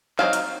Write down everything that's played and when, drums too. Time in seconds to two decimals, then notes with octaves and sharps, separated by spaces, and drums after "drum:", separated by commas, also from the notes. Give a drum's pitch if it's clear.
0.19 F#3 C4 D#4 F5, drum: clap
0.33 drum: hi-hat